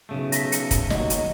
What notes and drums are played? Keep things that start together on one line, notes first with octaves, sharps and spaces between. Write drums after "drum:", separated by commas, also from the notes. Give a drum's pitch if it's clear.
B1 C#3 A3
A#6 B6, drum: hi-hat
C#7, drum: hi-hat
drum: kick, hi-hat
D#2 F#3 D#5, drum: snare
drum: hi-hat